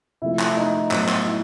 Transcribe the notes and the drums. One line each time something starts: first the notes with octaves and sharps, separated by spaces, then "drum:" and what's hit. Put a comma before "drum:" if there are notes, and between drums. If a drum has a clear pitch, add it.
C3 F3 A3 E4 E5
drum: clap
D#4 D#5
A2 F#3 B3, drum: clap
drum: clap
E4 E5